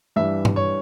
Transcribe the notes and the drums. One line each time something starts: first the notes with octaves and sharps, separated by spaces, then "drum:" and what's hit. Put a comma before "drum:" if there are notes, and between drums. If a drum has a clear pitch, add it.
G2 E3 G3 E5
drum: tom G2
C#5